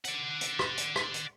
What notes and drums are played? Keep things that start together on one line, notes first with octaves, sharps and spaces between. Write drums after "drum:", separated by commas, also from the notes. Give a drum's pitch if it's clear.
D5 F#5, drum: hi-hat
drum: hi-hat
drum: rim click
drum: hi-hat
drum: rim click
drum: hi-hat